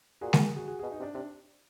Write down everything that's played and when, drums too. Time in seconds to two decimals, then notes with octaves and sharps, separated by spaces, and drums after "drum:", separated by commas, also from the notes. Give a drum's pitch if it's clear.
0.21 A#2 F#4 G#4
0.33 G#4 A#4, drum: snare G#3
0.56 F#4 G#4
0.68 F#4 G#4
0.79 B2 F#4 G#4
0.91 D#4
0.99 C3
1.03 D4
1.14 C3 D4